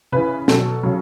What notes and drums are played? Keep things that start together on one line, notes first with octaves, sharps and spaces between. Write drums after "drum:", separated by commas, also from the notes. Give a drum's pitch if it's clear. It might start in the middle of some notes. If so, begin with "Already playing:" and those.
C#3 E3 B4
B2 F#3 A4, drum: snare
C#3 F#3